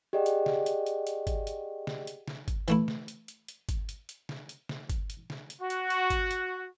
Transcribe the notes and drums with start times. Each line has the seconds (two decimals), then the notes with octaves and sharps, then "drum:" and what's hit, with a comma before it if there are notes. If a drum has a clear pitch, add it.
0.13 G4 G#4 D5 D#5 F#5 G5
0.26 drum: hi-hat
0.46 drum: snare
0.66 drum: hi-hat
0.86 drum: hi-hat
1.07 drum: hi-hat
1.27 drum: kick G1, hi-hat
1.47 drum: hi-hat
1.87 drum: snare
2.07 drum: hi-hat
2.28 drum: snare
2.48 drum: kick G1, hi-hat
2.68 E3 A3 E4, drum: hi-hat
2.88 drum: snare
3.08 drum: hi-hat
3.28 drum: hi-hat
3.48 drum: hi-hat
3.69 drum: kick G1, hi-hat
3.89 drum: hi-hat
4.09 drum: hi-hat
4.29 drum: snare
4.49 drum: hi-hat
4.69 drum: snare
4.90 drum: kick G1, hi-hat
5.10 drum: hi-hat
5.30 drum: snare
5.50 drum: hi-hat
5.61 F#4
5.70 drum: hi-hat
5.90 drum: hi-hat
6.10 drum: kick G1, hi-hat
6.31 drum: hi-hat